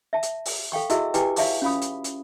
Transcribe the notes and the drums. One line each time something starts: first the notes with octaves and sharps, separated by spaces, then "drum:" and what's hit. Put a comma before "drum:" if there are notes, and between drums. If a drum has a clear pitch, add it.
E5 A5
drum: hi-hat
drum: open hi-hat
A4 F5 G5 C#6
E4 F#4 G#4 D#5 E5 E6, drum: hi-hat
E4 G4 B4 G5 G#5 D6, drum: hi-hat
C#5 E5 F5 A5 C#6 D6, drum: open hi-hat
C#4 F4 F5 B5 D#6
drum: hi-hat
drum: hi-hat